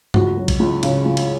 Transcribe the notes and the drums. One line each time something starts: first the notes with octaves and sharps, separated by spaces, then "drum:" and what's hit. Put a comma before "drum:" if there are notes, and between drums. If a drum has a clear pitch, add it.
C#2 F#4, drum: tom G2
F#3
drum: kick, cymbal
C#2
C#3, drum: cymbal
C#2
drum: cymbal